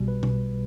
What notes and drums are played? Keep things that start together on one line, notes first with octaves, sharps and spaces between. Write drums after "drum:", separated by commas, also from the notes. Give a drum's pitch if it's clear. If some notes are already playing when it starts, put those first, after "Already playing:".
Already playing: B1 B2 G3
B4
drum: tom B2